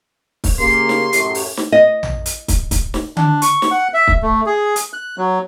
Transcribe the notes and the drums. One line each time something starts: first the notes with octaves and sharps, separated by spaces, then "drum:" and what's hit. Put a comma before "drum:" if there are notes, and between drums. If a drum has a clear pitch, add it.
drum: kick, open hi-hat
C#3 A#3 G4 C6
drum: snare
F#2 A2, drum: hi-hat
drum: open hi-hat
drum: snare
D#5
drum: tom A#1
drum: hi-hat
drum: kick, hi-hat
drum: kick, hi-hat
drum: snare
D4, drum: tom D3
C#6, drum: hi-hat
drum: snare
F#5
E5
drum: kick
A3
G#4
drum: hi-hat
F#6
F#3